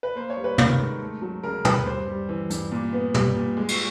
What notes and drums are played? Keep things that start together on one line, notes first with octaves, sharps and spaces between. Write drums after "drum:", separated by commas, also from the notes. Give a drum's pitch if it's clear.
B4
A#3 C5
C#5
G3
B4
D#3 A#4, drum: tom
G#2
A3
F#3
C#3 A#4
D#2 B4, drum: tom
G2 C5
G3
E3
G2, drum: hi-hat
A#2
B3
G3, drum: tom
A#2
G#3
drum: cymbal